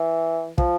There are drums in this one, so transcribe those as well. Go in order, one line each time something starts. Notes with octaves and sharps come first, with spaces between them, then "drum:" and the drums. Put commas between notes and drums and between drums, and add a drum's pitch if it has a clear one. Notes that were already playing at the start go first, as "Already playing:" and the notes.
Already playing: E3
F3, drum: kick